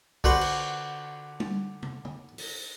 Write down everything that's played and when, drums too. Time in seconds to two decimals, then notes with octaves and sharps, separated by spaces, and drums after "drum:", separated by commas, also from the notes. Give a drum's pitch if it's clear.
0.24 D3 F#4 B4 C5, drum: kick
0.41 drum: cymbal
1.40 drum: tom G3
1.83 drum: tom
2.05 drum: tom
2.38 drum: open hi-hat